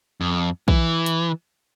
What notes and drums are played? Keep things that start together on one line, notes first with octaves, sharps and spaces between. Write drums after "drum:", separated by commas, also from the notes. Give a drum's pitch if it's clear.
F2
E3, drum: kick
drum: hi-hat